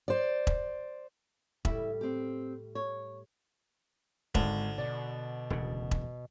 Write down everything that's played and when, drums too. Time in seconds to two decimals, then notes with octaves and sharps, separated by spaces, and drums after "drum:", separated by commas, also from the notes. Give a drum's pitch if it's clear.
0.08 C5 D5
0.47 drum: kick E1
1.65 A2 G3 E4 E5, drum: kick E1
2.01 C4 G4
2.75 C#5
4.35 G#1 D3, drum: kick E1
4.78 B2 D5
5.50 E1 D2 C#3
5.91 drum: kick E1